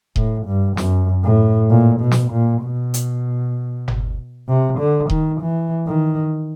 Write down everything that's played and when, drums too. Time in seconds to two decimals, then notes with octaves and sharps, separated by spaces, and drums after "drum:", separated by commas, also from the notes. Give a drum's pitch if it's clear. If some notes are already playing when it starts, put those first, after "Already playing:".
0.16 A2, drum: kick D#1
0.47 G2
0.77 F#2, drum: snare
1.24 A2
1.70 A#2
2.01 B2
2.11 drum: snare
2.32 A#2
2.63 B2
2.94 drum: hi-hat
3.88 drum: tom G1
4.48 C3
4.79 D3
5.10 D#3, drum: kick D#1
5.41 E3
5.87 D#3